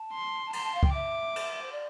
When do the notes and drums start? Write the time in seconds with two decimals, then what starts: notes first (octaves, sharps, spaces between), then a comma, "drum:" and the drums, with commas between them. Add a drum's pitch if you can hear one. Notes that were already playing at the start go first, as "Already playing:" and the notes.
Already playing: A5
0.13 C6
0.45 A5
0.53 A#5 C6, drum: cymbal
0.63 A5
0.74 F5
0.83 G5, drum: kick
0.93 E5 D6
1.36 drum: cymbal
1.61 C5
1.71 D5